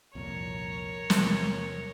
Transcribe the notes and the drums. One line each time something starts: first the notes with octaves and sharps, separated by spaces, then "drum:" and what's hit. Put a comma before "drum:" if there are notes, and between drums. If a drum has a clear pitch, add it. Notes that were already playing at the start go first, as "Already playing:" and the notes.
C2 F2 A#2 A#4 C#5
E2 C3, drum: snare